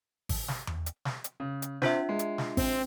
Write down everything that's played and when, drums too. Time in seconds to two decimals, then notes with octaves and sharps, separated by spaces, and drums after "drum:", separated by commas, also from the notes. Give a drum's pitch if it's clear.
0.29 drum: kick G#1, open hi-hat
0.48 drum: snare
0.67 drum: tom E2
0.86 drum: hi-hat
1.05 drum: snare
1.24 drum: hi-hat
1.40 C#3
1.62 drum: hi-hat
1.82 C4 D4 F4 E5, drum: snare
2.09 G#3
2.19 drum: hi-hat
2.38 drum: snare
2.57 C4, drum: kick G#1, open hi-hat